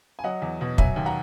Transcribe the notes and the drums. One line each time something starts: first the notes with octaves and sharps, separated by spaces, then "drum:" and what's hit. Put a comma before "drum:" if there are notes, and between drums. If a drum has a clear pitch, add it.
G#5
F#3 D#5 F#5
E2
B2
F#3 E5 G#5, drum: kick
D#2
F#5 A#5